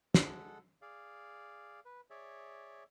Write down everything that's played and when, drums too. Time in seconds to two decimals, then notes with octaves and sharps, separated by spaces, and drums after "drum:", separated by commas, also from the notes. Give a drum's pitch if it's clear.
0.14 G#3 A4 F#5, drum: snare
0.82 G#4 D5 F5
1.85 B4
2.10 G#4 C#5 D5 E5